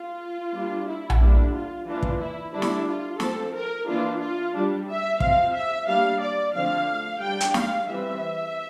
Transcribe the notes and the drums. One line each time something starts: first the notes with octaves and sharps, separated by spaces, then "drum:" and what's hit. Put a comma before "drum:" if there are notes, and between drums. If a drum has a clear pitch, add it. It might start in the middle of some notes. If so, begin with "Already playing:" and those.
Already playing: F4
G3 A#3 D4
E4
drum: tom A#1
D3 G3 A#3 D4
F4
E3 A#3 D4 F4
drum: kick
E4
D3 G3 D4 E4
drum: snare
F4
F3 C4 A4, drum: snare
A#4
E3 A#3 D4 F4
F4
G3 D4
E5
F3 C4 F5, drum: kick
E5
G3 A#3 D4 F5
D5
D3 F3 A3 C4 F5
G3 D4 G5
drum: hi-hat
F5, drum: snare
E3 G3 C4 E5